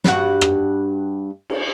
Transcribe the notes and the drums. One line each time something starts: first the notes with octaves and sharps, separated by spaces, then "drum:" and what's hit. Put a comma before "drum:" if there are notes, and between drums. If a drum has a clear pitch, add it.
G2 F#4, drum: snare
drum: rim click
drum: cymbal